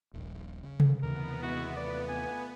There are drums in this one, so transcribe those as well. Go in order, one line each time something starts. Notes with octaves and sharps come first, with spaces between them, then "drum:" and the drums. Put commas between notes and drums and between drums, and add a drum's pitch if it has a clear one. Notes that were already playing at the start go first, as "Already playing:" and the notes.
D#1 A#1
C#3
drum: tom C3
D#2 C3 E3 B3 A#4
G#3 E4 F#4
A3 F4 B4 D5
G#5